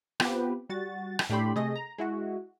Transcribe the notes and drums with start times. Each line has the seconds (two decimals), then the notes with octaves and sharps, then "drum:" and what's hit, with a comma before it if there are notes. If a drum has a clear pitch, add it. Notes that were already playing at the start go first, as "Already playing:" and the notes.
0.20 B3 C4 F4 G4 B4, drum: rim click
0.69 G3 F#4 A6
1.19 drum: rim click
1.29 A2 A3 D4 G4 B5 C6
1.55 C3 A3 G#4 D#5 A#6
1.76 A#5
1.98 G#3 E4 F#4